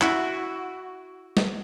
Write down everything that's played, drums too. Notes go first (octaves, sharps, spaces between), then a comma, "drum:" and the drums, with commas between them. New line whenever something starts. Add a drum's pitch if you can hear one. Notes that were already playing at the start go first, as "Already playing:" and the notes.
E4 F#4, drum: clap
drum: snare